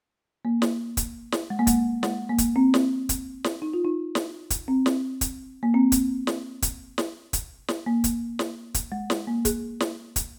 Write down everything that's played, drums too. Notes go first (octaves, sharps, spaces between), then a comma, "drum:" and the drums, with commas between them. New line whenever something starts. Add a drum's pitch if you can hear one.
A#3
drum: snare
drum: kick, hi-hat
drum: snare
G#3
A#3
G#3, drum: kick, hi-hat
G#3, drum: snare
A#3
drum: kick, hi-hat
C4
drum: snare
drum: kick, hi-hat
drum: snare
D#4
F4
D#4
drum: snare
drum: kick, hi-hat
C4
drum: snare
drum: kick, hi-hat
A#3
C4
drum: kick, hi-hat
drum: snare
drum: kick, hi-hat
drum: snare
drum: kick, hi-hat
drum: snare
A#3
drum: kick, hi-hat
drum: snare
drum: kick, hi-hat
G#3
drum: snare
A#3
G#4, drum: kick, hi-hat
drum: snare
drum: kick, hi-hat